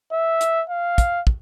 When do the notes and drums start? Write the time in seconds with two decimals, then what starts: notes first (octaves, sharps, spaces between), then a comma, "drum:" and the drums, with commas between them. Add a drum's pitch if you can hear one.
0.12 E5
0.41 drum: hi-hat
0.70 F5
0.98 drum: kick, hi-hat
1.27 drum: kick